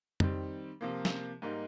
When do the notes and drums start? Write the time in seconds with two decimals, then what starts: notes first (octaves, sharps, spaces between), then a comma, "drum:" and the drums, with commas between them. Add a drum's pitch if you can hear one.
0.20 D#3 G3 C4, drum: tom
0.81 C3 F3 A#3
1.05 drum: snare
1.42 G#2 G3 A#3 D#4